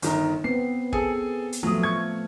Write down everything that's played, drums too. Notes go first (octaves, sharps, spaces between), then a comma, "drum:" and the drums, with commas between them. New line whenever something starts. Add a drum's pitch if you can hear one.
G1 D#3 A#5, drum: hi-hat
B3 C4 C7
G#4 A4 G#5, drum: kick
drum: hi-hat
F3 F#3 A3 F4 D#6
C#6 G#6